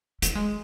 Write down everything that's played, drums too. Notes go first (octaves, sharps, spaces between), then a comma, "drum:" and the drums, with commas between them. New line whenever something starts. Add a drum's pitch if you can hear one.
A3, drum: hi-hat
G#3